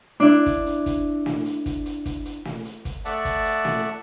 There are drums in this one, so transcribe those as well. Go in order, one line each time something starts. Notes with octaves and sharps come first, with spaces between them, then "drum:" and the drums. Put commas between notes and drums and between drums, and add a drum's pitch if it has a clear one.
D4 E4
drum: kick, hi-hat
drum: hi-hat
drum: kick, hi-hat
drum: snare
drum: hi-hat
drum: kick, hi-hat
drum: hi-hat
drum: kick, hi-hat
drum: hi-hat
drum: snare
drum: hi-hat
drum: kick, hi-hat
A3 D5 E5 F#5 A5, drum: hi-hat
drum: kick, hi-hat
drum: hi-hat
drum: snare